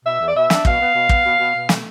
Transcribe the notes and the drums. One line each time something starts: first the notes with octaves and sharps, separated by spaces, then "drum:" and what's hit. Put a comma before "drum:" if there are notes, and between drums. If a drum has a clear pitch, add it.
B2 E5
E2
D5
B2 E5
D4, drum: snare
B2 F5, drum: kick
B3
B2
B3, drum: kick
B2
B2
B2
A3, drum: snare